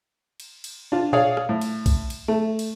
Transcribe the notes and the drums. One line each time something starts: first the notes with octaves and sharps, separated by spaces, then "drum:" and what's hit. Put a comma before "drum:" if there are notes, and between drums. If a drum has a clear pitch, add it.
drum: cymbal
drum: cymbal
D4 F4
G#4 C#5 D5 F5, drum: tom A#2
drum: rim click
A2
drum: cymbal
drum: kick B1, cymbal
drum: cymbal
A3
drum: cymbal